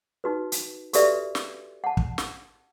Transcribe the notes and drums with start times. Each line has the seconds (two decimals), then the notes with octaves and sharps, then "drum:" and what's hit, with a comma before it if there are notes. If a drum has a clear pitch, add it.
0.24 D#4 F#4 B4
0.52 drum: hi-hat
0.93 F#4 G4 A4 B4 D5 E5, drum: hi-hat
1.35 drum: snare
1.84 F#5 A5
1.97 drum: kick
2.18 drum: snare